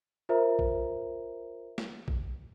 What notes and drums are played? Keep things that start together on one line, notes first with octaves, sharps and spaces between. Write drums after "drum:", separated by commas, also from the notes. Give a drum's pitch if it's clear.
F4 A#4 C5 E5 A#5
drum: kick A#1
drum: snare
drum: kick A#1